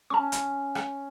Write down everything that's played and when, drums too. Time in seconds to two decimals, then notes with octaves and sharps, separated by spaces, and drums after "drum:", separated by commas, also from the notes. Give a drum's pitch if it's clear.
0.10 C#4 A5 C#6
0.32 drum: hi-hat
0.75 drum: rim click